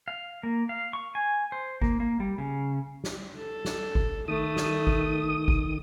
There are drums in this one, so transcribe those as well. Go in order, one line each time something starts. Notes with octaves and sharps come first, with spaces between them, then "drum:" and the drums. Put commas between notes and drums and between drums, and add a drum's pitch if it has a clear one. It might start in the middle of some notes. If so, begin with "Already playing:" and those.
F5
A#3
F5
C#6
G#5
C5
A#3, drum: kick G1
A#3
G3
C#3
drum: snare
A4
drum: snare
drum: kick G1
D#3 A3 D#6
drum: snare
drum: kick G1
drum: kick G1